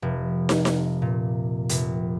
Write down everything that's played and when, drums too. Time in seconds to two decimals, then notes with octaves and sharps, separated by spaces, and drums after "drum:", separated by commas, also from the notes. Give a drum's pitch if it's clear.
0.02 F1
0.49 drum: snare
0.65 drum: snare
1.02 A#2
1.69 F1, drum: hi-hat